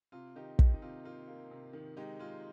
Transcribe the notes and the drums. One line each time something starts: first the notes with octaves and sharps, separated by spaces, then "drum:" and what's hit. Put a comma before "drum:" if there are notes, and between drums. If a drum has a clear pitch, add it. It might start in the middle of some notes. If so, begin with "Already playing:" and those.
C3 F4
D#3 D#4 G4
D#3 D#4 G4, drum: kick
D#4
C3 F4
A#3 F4
A#3
C3
D#3
G#3 D#4 G4
G#3 F4